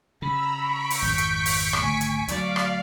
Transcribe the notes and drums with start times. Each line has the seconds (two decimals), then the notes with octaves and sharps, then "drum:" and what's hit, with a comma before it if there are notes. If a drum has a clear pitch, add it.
0.22 C#3 A#5 B5 E6
0.55 C#6 B6 D7
0.90 drum: open hi-hat
1.02 G#1 F2 G6
1.18 drum: hi-hat
1.46 drum: open hi-hat
1.73 drum: rim click
1.82 G#1 D2 G#5
2.01 drum: hi-hat
2.28 D2 F#3 D5 F5, drum: hi-hat
2.56 drum: rim click